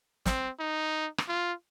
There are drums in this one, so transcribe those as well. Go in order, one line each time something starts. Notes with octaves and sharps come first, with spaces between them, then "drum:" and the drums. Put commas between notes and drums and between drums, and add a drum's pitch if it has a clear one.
C4, drum: snare
D#4
drum: rim click
F4